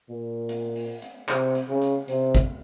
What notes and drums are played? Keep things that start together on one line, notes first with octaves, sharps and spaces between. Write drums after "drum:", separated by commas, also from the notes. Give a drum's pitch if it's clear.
A#2
drum: hi-hat
drum: open hi-hat
drum: hi-hat
C3, drum: clap
drum: hi-hat
C#3
drum: hi-hat
C3, drum: hi-hat
drum: kick, hi-hat